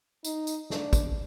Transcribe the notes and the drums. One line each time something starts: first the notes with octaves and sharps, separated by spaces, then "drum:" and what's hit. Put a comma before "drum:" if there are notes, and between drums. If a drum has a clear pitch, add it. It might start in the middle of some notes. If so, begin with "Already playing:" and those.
D#4, drum: tambourine
drum: tambourine
D4, drum: snare
drum: kick, tambourine